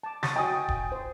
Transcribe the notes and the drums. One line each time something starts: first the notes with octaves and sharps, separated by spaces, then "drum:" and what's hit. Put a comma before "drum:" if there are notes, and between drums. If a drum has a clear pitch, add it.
A5 D6
G4 C#6 D#6 A6, drum: snare
F#4 D#5 G5 G#5 D#6
drum: kick D#1
C5